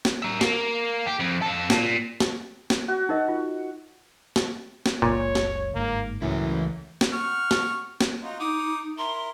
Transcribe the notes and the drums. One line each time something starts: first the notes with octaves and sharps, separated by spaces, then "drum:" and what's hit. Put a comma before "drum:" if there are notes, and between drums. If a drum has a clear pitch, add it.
drum: snare
A#4 E5
A#3, drum: snare
G4
F2
F2 A4
A#2, drum: snare
drum: snare
drum: snare
F#4
D#4 A#4 D#5
F4
drum: snare
drum: snare
F#1 C#2 A#2 C#5
drum: snare
G1 G#2 A#3
C#2 F#2 E3 A3 E4
drum: snare
F#5 C#6 F6
drum: snare
drum: snare
D#4 F4 F#4
D#4 D6 D#6
E4 A#4 C6